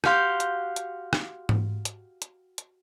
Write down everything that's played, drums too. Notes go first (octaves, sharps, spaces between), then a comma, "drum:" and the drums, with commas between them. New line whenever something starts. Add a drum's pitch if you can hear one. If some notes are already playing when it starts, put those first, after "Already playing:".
F#4 G4 F5 C6 G6, drum: rim click
drum: hi-hat
drum: hi-hat
drum: rim click
drum: tom G#2
drum: hi-hat
drum: hi-hat
drum: hi-hat